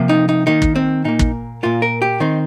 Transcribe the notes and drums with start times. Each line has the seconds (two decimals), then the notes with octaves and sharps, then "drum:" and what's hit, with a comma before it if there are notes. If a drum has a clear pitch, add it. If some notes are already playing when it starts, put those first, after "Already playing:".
Already playing: C3 F3 A#3
0.09 D#4
0.29 D#4
0.47 D#3 A#3 D#4
0.62 drum: kick
0.76 C4
1.04 A#2 A#3 D#4
1.19 drum: kick
1.63 A#2 A#3 F4
1.82 A#4
2.02 G4
2.20 D#3 C4 D#4